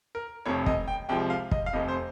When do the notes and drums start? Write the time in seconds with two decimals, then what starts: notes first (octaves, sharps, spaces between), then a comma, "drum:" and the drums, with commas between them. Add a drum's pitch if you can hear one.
0.15 A#4
0.46 F1 F2 C3 C#5
0.66 D#5, drum: kick
0.88 G5
1.09 C2 C3 F3 G#3 G5
1.30 F5
1.51 D#5, drum: kick
1.66 F5
1.73 F1 F2 C3 D#5
1.88 C5